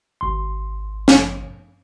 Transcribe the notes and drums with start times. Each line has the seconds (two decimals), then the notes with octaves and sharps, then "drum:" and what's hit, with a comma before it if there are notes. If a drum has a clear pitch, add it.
0.21 G#1 C6
1.08 drum: snare